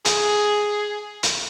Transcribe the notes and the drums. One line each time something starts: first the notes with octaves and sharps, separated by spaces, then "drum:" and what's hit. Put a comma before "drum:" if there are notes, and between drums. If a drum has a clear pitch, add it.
G#4, drum: hi-hat
drum: hi-hat